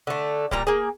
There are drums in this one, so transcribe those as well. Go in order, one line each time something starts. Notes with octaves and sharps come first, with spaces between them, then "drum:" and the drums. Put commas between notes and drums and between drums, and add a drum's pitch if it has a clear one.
D3 A3
A#2 G3 A#5, drum: kick D1
A#3 G#4